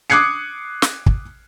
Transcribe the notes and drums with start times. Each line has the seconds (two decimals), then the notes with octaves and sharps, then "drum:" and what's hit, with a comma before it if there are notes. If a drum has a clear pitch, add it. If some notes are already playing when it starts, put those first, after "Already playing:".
0.10 D6 D#6 F#6 G#6 C7 C#7
0.82 drum: snare
1.06 drum: kick